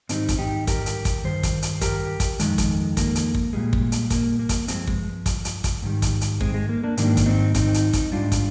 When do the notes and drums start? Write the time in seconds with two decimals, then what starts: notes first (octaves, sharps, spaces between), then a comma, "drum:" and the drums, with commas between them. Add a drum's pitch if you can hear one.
0.09 G#2 D#3 G3 C4 D#4, drum: hi-hat
0.29 drum: kick, hi-hat
0.38 D#4 G4
0.67 G4 A#4, drum: kick, hi-hat
0.86 drum: hi-hat
1.05 drum: kick, hi-hat
1.24 G2 D#3 C5
1.43 drum: kick, hi-hat
1.62 drum: hi-hat
1.81 G4 A#4, drum: kick, hi-hat
2.20 drum: kick, hi-hat
2.40 F2 C3 D#3 G#3, drum: hi-hat
2.58 drum: kick, hi-hat
2.97 A#3, drum: kick, hi-hat
3.15 drum: hi-hat
3.35 drum: kick
3.53 A#2 G3 G#3
3.73 drum: kick
3.92 drum: hi-hat
4.10 A#3, drum: kick, hi-hat
4.39 A#3
4.49 drum: kick, hi-hat
4.68 G2 F3 G#3 C4, drum: hi-hat
4.87 G#3, drum: kick
5.26 drum: kick, hi-hat
5.45 drum: hi-hat
5.64 drum: kick, hi-hat
5.82 G#2 D#3 G3
6.02 drum: kick, hi-hat
6.21 drum: hi-hat
6.41 G#3 C4, drum: kick
6.54 G#3
6.69 A#3
6.83 A#3 D4
6.97 G#2 D#3 G3 A#3 D4, drum: hi-hat
7.17 drum: kick, hi-hat
7.26 C4 D#4
7.55 C4 D#4, drum: kick, hi-hat
7.74 drum: hi-hat
7.93 drum: kick, hi-hat
8.12 G#2 G3 D4 F4
8.32 drum: kick, hi-hat